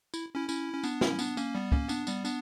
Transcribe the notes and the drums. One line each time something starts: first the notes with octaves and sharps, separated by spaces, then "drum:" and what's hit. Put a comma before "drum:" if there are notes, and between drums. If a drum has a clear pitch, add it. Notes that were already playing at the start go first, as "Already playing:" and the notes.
E4, drum: tambourine
C#4 E4
C#4 E4, drum: tambourine
C#4
B3 D4, drum: tambourine
C#4 E4, drum: snare
B3 D4, drum: tambourine
A#3 C#4, drum: tambourine
G3 B3
A#3 C#4, drum: kick
B3 D4, drum: tambourine
G3 B3, drum: tambourine
B3 D4, drum: tambourine